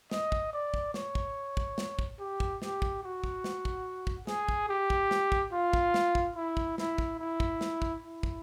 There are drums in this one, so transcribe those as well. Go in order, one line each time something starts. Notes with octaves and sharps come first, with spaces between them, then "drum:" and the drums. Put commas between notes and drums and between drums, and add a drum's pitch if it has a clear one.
D#5, drum: snare
drum: kick
D5
drum: kick
C#5, drum: snare
drum: kick
drum: kick
drum: snare
drum: kick
G4
drum: kick
G4, drum: snare
drum: kick
F#4
drum: kick
drum: snare
drum: kick
drum: kick
G#4, drum: snare
drum: kick
G4
drum: kick
drum: snare
drum: kick
F4
drum: kick
drum: snare
drum: kick
E4
drum: kick
E4, drum: snare
drum: kick
E4
drum: kick
drum: snare
drum: kick
E4
drum: kick